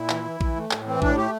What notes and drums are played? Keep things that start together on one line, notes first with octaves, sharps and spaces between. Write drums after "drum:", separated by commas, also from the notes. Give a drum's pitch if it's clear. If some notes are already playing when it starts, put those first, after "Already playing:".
Already playing: A#2 E4
E3, drum: clap
E3
E3, drum: kick A#1
A3
A2, drum: clap
E3 C4
A2 D4, drum: kick A#1
A3 G4